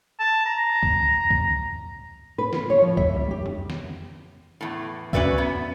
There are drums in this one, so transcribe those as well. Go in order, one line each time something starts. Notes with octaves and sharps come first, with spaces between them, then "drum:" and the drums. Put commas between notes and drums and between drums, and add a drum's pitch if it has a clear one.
A5
A#5
drum: kick
drum: kick
B4
F4, drum: snare
C#5
F3
E5, drum: kick
G3
G4
drum: tom F2
drum: snare
E2 A2
C#4 F#4 B4 D5 E5, drum: kick
B3